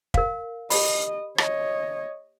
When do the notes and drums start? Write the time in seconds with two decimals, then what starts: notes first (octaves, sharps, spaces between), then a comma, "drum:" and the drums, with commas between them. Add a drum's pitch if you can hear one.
0.14 A#4 F5, drum: kick
0.70 G4 D#5 B5, drum: open hi-hat
1.38 C#5 D#5, drum: rim click